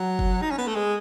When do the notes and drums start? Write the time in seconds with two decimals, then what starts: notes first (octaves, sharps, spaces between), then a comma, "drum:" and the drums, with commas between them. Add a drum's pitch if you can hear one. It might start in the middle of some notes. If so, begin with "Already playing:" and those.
Already playing: F#3
0.19 drum: kick F#1
0.42 D#4
0.51 C#4
0.58 B3
0.67 A3
0.75 G#3